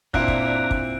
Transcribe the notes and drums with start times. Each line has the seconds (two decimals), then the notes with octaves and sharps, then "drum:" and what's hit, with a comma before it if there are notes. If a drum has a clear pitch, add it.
0.14 A#2 C4 D4 E4 F4 A#5 F#6 D7, drum: kick
0.28 drum: kick
0.71 drum: kick